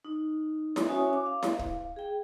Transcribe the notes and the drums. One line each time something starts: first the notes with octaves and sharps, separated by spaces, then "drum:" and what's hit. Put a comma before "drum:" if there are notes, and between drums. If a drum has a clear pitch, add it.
D#4
drum: snare E4
C#4 F#4 C#5 E5 G#5 D#6
D6
F5
drum: snare E4
drum: kick
G#4 G5